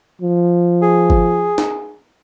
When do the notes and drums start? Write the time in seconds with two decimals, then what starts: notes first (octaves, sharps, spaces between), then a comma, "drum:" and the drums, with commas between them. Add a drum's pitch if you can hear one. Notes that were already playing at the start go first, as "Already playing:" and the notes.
0.22 F3
0.82 G#4
1.10 drum: kick G1
1.58 drum: snare